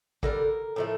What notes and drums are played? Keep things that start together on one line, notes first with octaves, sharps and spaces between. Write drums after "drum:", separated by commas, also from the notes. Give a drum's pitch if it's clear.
D3 G3 A#4, drum: kick
A2 F3 A3